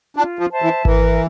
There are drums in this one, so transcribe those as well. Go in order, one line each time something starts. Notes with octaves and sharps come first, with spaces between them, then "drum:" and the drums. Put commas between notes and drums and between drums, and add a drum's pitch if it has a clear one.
D4 F4
F3
C5 E5 A5
E3
E3 A#4, drum: kick G#1